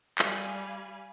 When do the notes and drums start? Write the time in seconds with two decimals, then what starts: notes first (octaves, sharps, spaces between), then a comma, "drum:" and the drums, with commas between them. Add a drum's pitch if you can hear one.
0.18 G3 D5 F5 G#5 B5, drum: clap
0.32 drum: hi-hat